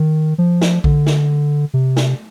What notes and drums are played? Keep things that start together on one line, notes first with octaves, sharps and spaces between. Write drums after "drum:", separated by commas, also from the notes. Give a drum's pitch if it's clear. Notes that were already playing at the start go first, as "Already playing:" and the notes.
Already playing: D#3
F3
drum: snare
D3, drum: kick A#1
drum: snare
C3
drum: snare